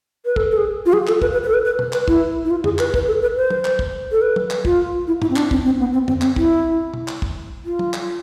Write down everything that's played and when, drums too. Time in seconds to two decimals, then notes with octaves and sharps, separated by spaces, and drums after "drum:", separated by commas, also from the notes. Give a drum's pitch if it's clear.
0.25 B4
0.36 A4, drum: kick
0.51 A4
0.57 G#4
0.86 F4
0.93 G#4, drum: tom
1.07 A4, drum: clap
1.22 B4, drum: kick
1.33 B4
1.43 B4
1.48 A4
1.54 B4
1.65 B4
1.79 drum: tom
1.93 B4, drum: clap
2.08 E4, drum: kick
2.45 E4
2.51 F4
2.64 G#4, drum: tom
2.79 B4, drum: clap
2.94 B4, drum: kick
3.07 A4
3.22 B4
3.36 C5
3.50 drum: tom
3.65 drum: clap
3.79 drum: kick
4.12 A4
4.22 B4
4.36 drum: tom
4.51 drum: clap
4.65 F4, drum: kick
5.07 E4
5.22 E4, drum: tom
5.30 C4
5.36 D4, drum: clap
5.51 C4, drum: kick
5.65 C4
5.79 B3
5.93 C4
6.08 C4, drum: tom
6.22 C4, drum: clap
6.36 E4, drum: kick
6.94 drum: tom
7.08 drum: clap
7.22 drum: kick
7.65 F4
7.79 drum: tom
7.94 drum: clap